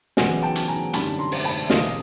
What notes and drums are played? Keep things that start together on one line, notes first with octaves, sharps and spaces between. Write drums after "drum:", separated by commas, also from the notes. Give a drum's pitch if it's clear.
E2 C#3 F#3 B3 F#5 G#5, drum: snare
G5 A5
drum: hi-hat
G#5 A#5
G#1 F#2 D3 G3 C4 A5 B5, drum: hi-hat
A#5 C6
drum: open hi-hat
A5 B5
E5
E1 E2 C3 E3 D#5 F5, drum: snare